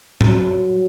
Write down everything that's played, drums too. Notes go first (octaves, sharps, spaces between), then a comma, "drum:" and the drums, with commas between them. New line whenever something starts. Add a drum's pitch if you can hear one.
F#3, drum: tom A2